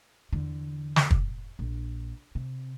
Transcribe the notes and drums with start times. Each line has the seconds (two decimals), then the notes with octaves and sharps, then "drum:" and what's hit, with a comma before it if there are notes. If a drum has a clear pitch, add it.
0.33 E2 D3
0.96 drum: snare
1.11 drum: kick
1.59 A#1
2.35 C3